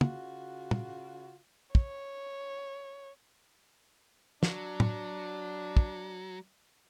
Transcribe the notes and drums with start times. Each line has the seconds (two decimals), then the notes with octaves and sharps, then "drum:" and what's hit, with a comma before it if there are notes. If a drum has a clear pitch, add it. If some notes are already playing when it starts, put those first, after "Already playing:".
0.01 C#3 F4 F#4, drum: tom
0.71 drum: tom
1.75 C#5, drum: kick
4.43 F#3 D4, drum: snare
4.80 drum: tom
5.77 drum: kick